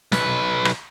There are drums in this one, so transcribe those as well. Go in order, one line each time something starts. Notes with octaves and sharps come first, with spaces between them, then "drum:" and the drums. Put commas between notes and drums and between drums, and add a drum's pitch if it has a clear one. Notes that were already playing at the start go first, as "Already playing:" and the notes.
B1 B4, drum: snare
drum: rim click